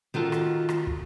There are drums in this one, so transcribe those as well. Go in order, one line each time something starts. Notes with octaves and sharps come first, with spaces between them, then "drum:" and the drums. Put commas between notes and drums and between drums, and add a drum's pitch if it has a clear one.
D#3 F4 F#4 A4
drum: rim click
drum: rim click
drum: kick